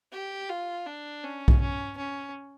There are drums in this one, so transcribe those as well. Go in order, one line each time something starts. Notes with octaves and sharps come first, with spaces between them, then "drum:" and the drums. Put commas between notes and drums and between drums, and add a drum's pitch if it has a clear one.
G4
F4
D4
C#4
drum: kick B1
C#4
C#4